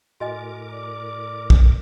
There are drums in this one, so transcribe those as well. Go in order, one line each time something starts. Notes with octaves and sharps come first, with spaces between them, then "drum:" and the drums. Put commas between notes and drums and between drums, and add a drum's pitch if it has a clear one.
A2 F#4 A#4 D#5 G#5 D6
D5
drum: kick